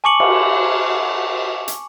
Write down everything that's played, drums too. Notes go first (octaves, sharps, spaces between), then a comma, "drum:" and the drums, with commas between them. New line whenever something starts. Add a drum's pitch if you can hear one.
G#5 A5 C#6 D6 C#7 F#7
drum: cymbal
drum: hi-hat